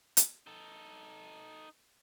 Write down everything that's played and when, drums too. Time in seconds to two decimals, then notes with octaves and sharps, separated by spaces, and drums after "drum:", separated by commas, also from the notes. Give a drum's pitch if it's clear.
0.17 drum: hi-hat
0.47 D#4 A4